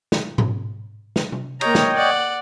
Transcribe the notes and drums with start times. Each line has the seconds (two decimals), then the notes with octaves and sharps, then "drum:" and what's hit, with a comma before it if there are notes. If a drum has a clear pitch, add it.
0.12 drum: snare
0.38 drum: tom G#2
1.16 drum: snare
1.32 drum: tom C3
1.61 A#3 C#5 D#5 G5 A#5, drum: cymbal
1.75 drum: snare
1.96 D5 F#5